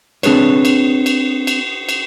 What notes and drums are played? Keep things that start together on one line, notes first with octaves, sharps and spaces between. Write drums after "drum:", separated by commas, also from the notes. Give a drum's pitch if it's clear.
C4 D4 G#4 B4 C#5, drum: cymbal
drum: cymbal
drum: cymbal
drum: cymbal
drum: cymbal